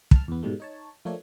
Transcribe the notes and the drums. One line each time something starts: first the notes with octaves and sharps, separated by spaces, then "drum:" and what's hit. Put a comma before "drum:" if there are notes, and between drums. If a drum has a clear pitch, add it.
A5 F6, drum: kick
E2 B3
G#2 B2 G3 A3
D#4 C#5 A5
F3 A3 A#3 D4 A4 C#5